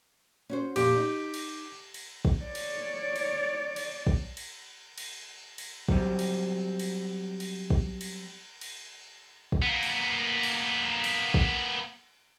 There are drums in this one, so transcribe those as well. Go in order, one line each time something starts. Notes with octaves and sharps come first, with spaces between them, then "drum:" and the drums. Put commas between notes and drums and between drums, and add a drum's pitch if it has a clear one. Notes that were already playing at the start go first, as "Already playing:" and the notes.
C#4 F#4 C5
F2 A#2 A#3 G4, drum: cymbal
D#4
drum: cymbal
drum: cymbal
drum: kick
C#5 D5
drum: cymbal
drum: cymbal
drum: cymbal
drum: kick
drum: cymbal
drum: cymbal
drum: cymbal
F#3 G3 C4, drum: kick
drum: cymbal
drum: cymbal
drum: cymbal
drum: kick
drum: cymbal
drum: cymbal
drum: kick
A#3 B3
drum: cymbal
drum: cymbal
drum: cymbal
drum: kick